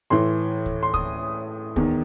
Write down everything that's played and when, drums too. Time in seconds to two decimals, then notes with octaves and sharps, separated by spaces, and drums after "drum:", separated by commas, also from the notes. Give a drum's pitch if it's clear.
0.10 A2 E3 C6
0.66 drum: kick
0.83 C6
0.94 D#6, drum: kick
1.76 E2 D#3, drum: kick